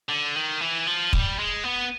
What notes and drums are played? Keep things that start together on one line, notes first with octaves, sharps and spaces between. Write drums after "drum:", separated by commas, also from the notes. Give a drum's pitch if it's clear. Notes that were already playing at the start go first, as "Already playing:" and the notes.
D3
D#3
E3
F3
G3, drum: kick
G#3
B3